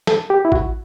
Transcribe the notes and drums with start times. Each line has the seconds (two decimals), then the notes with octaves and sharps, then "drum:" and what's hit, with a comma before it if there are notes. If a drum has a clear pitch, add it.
0.07 A4, drum: snare
0.30 G4
0.45 E4
0.52 F#4, drum: kick A1